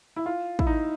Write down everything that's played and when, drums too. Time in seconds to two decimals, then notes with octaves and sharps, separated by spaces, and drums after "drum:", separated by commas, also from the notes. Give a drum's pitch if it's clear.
0.16 E4
0.26 F4
0.59 E4, drum: kick
0.67 D#4